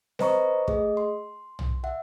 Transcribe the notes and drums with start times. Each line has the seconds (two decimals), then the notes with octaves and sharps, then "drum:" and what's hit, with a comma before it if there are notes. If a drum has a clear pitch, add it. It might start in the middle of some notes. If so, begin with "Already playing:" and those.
0.19 B4 C5 D#5 A#5 C#6, drum: snare C4
0.68 A3 G#4 D#5, drum: kick
0.97 C6
1.59 drum: tom
1.84 E5 F#5